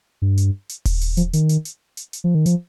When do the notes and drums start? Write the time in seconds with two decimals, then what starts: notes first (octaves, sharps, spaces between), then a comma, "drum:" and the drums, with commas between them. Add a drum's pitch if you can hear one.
0.22 G2
0.38 drum: hi-hat
0.69 drum: hi-hat
0.85 drum: kick D#1, open hi-hat
1.01 drum: hi-hat
1.17 F3, drum: hi-hat
1.33 D#3, drum: hi-hat
1.49 drum: hi-hat
1.65 drum: hi-hat
1.97 drum: hi-hat
2.13 drum: hi-hat
2.24 F3
2.35 D#3
2.46 F3, drum: hi-hat